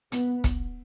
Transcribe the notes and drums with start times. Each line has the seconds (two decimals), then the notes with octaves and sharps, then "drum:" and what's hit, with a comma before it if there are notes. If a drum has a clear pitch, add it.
0.12 B3, drum: hi-hat
0.44 drum: kick, hi-hat